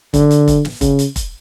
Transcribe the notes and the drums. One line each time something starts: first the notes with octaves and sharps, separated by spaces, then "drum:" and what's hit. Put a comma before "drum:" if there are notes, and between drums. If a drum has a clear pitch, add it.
D3, drum: kick, hi-hat
drum: hi-hat
drum: kick, hi-hat
drum: snare
C#3, drum: kick, hi-hat
drum: hi-hat
drum: kick, hi-hat